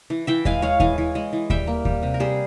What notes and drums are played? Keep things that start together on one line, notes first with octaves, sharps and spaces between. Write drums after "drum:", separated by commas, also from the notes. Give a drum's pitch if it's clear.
E3
E3 E5 G5
G#3 F5 G#5, drum: kick D#2
G#3 C#5 F5
E3 F5 G#5, drum: kick D#2
E3
G#3
E3
G3 E5 G5, drum: kick D#2
A#3
G3, drum: kick D#2
C3
A#4
G3 G#4 C5